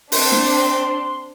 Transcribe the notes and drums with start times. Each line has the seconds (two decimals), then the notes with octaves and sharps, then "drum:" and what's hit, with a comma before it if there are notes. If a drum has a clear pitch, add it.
0.12 C4 D4 C6, drum: open hi-hat
0.32 drum: snare